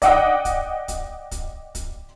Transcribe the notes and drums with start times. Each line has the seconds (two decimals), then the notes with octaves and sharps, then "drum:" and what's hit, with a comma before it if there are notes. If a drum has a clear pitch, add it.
0.02 D5 D#5 F#5 G5 D#6, drum: kick, hi-hat
0.45 drum: kick, hi-hat
0.88 drum: kick, hi-hat
1.31 drum: kick, hi-hat
1.75 drum: kick, hi-hat